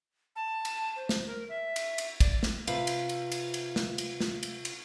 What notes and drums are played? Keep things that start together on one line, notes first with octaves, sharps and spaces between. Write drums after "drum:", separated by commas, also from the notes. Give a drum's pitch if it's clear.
A5
drum: cymbal
C5
drum: snare
A#4
E5
drum: cymbal
drum: cymbal
D5, drum: kick, cymbal
drum: snare
C3 F4 B4 F5, drum: cymbal
drum: cymbal
drum: cymbal
drum: cymbal
drum: cymbal
drum: snare
drum: cymbal
drum: snare
drum: cymbal
drum: cymbal